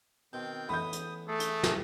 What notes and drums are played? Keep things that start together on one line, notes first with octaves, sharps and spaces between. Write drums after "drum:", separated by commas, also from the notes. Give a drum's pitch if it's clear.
B2 D#3 C4 G6
A2 E3 B3 B5 D#6 G6
drum: hi-hat
A3 G#4 A4
drum: hi-hat
drum: snare